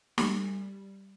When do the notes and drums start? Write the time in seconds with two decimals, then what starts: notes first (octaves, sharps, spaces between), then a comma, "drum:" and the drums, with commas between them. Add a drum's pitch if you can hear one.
0.18 G3, drum: snare